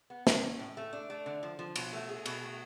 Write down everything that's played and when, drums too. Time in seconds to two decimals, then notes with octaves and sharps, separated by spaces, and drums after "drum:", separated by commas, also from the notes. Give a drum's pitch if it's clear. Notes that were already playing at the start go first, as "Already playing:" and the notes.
0.10 B3
0.27 C#4, drum: snare
0.43 C#4
0.59 A2
0.77 A3
0.93 D4
1.10 A3
1.26 D3
1.43 F3
1.59 F3
1.76 B2, drum: cymbal
1.93 A3
2.09 G#4
2.26 B2, drum: cymbal
2.43 A3